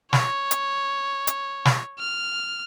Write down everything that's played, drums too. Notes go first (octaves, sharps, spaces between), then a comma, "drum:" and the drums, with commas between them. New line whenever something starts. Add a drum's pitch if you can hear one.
C#5, drum: snare
drum: hi-hat
drum: hi-hat
drum: snare
F6